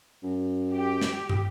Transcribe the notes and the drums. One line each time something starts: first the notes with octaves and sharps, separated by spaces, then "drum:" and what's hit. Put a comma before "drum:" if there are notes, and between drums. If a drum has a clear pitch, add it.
F#2
G4
drum: snare
drum: tom